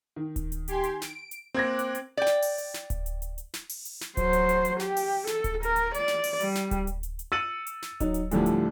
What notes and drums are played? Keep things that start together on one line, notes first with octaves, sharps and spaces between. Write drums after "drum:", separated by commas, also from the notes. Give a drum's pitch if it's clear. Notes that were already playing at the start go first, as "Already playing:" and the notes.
D#3
drum: kick D1, hi-hat
drum: hi-hat
G4 G#5 C6, drum: hi-hat
drum: hi-hat
D7, drum: snare
drum: hi-hat
A#3 C4 D6 F#6 G#6 A#6
drum: hi-hat
drum: hi-hat
D5 G5
drum: snare
drum: open hi-hat
drum: hi-hat
drum: snare
drum: kick D1, hi-hat
drum: hi-hat
drum: hi-hat
drum: hi-hat
drum: snare
drum: open hi-hat
drum: hi-hat
drum: snare
F#3 C5, drum: kick D1, hi-hat
drum: hi-hat
drum: hi-hat
drum: hi-hat
G4, drum: snare
drum: open hi-hat
A4, drum: snare
drum: kick D1, hi-hat
A#4, drum: hi-hat
drum: hi-hat
D5, drum: hi-hat
drum: snare
drum: open hi-hat
G3, drum: hi-hat
drum: snare
drum: kick D1, hi-hat
drum: hi-hat
drum: hi-hat
drum: hi-hat
E6 A6 C#7 D#7 F#7
drum: hi-hat
drum: snare
F#3 D#4, drum: kick D1, hi-hat
drum: hi-hat
D2 A2 D3 F3 G3, drum: hi-hat
drum: hi-hat